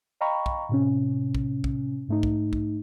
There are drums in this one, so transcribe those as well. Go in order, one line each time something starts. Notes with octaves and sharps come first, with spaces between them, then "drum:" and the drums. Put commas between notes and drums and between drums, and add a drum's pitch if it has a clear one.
D#5 F5 G5 A#5 B5 C#6
drum: kick
A2 C3 C#4
drum: kick
drum: kick
G#2 A3 D#4
drum: kick
drum: kick